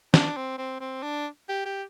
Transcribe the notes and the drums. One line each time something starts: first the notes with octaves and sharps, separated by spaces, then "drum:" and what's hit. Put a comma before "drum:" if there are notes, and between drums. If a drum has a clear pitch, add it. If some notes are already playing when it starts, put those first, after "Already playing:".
D4, drum: snare
C4
C4
C4
D4
G4
G4